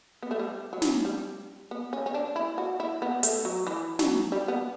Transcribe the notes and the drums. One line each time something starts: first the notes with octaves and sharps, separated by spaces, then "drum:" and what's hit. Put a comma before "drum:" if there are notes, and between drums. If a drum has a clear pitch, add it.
B3
A3
G3
F#3
drum: snare
G3
B3
C#4
C#4
D4
E4
F#4
E4
B3
A3, drum: hi-hat
F#3
E3
F#3, drum: snare
G3
B3